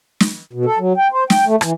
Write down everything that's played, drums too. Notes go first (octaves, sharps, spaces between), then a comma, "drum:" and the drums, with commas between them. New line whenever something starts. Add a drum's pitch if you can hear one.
drum: snare
B2
A4
F#3
G5
C5
G5, drum: snare
A3
E3, drum: rim click